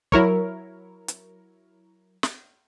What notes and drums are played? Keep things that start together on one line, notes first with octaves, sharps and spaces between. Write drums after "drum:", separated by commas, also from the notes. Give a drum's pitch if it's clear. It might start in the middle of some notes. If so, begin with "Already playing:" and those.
F#3 E4 A#4 C#5, drum: kick
drum: hi-hat
drum: snare